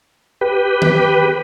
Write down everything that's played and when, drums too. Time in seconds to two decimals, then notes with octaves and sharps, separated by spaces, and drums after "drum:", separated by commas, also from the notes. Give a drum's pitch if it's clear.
0.41 G4 B4
0.82 drum: tom D#3